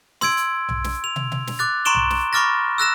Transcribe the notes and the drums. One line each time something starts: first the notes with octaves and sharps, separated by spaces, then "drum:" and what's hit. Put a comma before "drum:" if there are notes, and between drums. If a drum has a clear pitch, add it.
C6 E6 G#6 D7, drum: snare
drum: hi-hat
drum: tom B1
drum: snare
F7
drum: tom
drum: tom
drum: snare
D6 F#6 A6
A#5 C6 C#6 D7 E7 G7
drum: tom B1
drum: snare
B5 C#6 D6 F6 A6 A#6
E6 F#6 A#6 E7